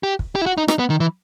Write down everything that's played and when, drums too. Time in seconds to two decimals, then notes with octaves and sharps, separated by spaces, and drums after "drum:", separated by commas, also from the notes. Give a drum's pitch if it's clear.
0.03 G4
0.19 drum: kick
0.35 G4
0.41 E4
0.46 F#4
0.58 D#4
0.68 D#4, drum: rim click
0.79 B3
0.90 D#3
1.00 E3